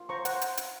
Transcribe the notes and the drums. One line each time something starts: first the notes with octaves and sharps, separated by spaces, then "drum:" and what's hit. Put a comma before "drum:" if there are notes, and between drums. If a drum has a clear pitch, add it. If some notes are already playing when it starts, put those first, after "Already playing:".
Already playing: F4
C5 A#5 C#6
C5 F#5, drum: hi-hat
drum: hi-hat
drum: hi-hat